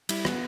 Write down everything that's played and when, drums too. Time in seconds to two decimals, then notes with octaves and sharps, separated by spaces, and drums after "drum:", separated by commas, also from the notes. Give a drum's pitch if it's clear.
0.09 G3 E4, drum: cymbal
0.25 B3, drum: rim click